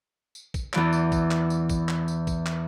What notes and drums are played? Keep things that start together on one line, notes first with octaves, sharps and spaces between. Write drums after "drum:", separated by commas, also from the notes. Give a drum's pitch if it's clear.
drum: tambourine
drum: kick, tambourine
E2 E3 D5, drum: clap
drum: tambourine
drum: kick, tambourine
drum: clap
drum: tambourine
drum: kick, tambourine
drum: clap
drum: tambourine
drum: kick, tambourine
drum: clap